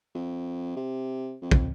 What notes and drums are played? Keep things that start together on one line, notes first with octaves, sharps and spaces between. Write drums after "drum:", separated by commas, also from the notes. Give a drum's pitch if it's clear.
F2
C3
F2
drum: kick